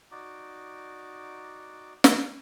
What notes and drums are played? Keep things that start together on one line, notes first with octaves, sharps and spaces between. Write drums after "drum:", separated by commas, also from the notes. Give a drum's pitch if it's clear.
D#4 F#4 D5 D6
drum: snare